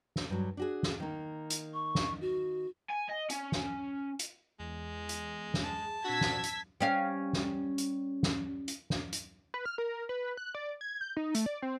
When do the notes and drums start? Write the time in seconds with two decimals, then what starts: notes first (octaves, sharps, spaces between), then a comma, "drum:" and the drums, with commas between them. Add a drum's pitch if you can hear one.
0.16 drum: snare
0.30 G2 F#3
0.57 D4 F#4 G#4
0.83 drum: snare
1.00 D#3 A#3
1.50 drum: hi-hat
1.74 C#6
1.95 drum: snare
2.21 F#4
2.90 G#5
3.09 D#5
3.30 C#4, drum: hi-hat
3.52 drum: snare
4.19 drum: hi-hat
4.59 E2 G#3
5.09 drum: hi-hat
5.54 drum: snare
5.63 G#4 A5
6.05 A#2 C4 D4 F#4 E6 G#6 B6
6.21 drum: snare
6.44 drum: hi-hat
6.81 G3 C#4 F5
7.33 drum: snare
7.78 drum: hi-hat
8.23 drum: snare
8.68 drum: hi-hat
8.90 drum: snare
9.13 drum: hi-hat
9.54 B4
9.65 F6
9.78 A#4
10.09 B4
10.37 F#6
10.55 D5
10.81 G#6
11.01 G6
11.17 D#4
11.35 A3, drum: hi-hat
11.46 D5
11.62 C4